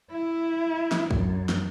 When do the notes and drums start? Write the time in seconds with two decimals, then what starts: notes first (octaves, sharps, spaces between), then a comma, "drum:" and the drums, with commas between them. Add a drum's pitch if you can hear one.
0.11 E4
0.92 drum: snare
1.11 F#2, drum: kick
1.49 drum: snare